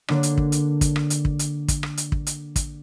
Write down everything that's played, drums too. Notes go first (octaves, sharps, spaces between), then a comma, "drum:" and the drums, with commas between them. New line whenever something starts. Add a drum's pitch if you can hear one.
D3 A#3 D4, drum: rim click
drum: hi-hat
drum: kick
drum: hi-hat
drum: kick, hi-hat
drum: rim click
drum: hi-hat
drum: kick
drum: hi-hat
drum: kick, hi-hat
drum: rim click
drum: hi-hat
drum: kick
drum: hi-hat
drum: kick, hi-hat